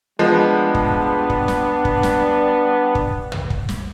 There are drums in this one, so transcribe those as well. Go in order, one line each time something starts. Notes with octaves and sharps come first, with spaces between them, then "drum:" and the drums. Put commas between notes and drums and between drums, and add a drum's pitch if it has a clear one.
F3 G3 G#3 B3 D4
drum: kick
drum: kick
drum: snare
drum: kick
drum: snare
drum: kick
drum: tom
drum: kick
drum: snare